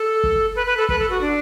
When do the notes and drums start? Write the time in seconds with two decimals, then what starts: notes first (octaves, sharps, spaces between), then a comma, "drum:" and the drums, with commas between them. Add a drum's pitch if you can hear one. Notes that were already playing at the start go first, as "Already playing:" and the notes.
Already playing: A4
0.24 drum: kick G1
0.56 B4
0.66 B4
0.77 A4
0.89 B4, drum: kick G1
0.99 A4
1.10 F#4
1.21 D4